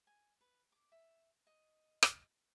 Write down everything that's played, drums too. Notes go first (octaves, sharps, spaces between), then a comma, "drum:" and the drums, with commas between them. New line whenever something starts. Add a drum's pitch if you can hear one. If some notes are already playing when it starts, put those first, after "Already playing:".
G#5
B4
D6
E5
D#5
drum: rim click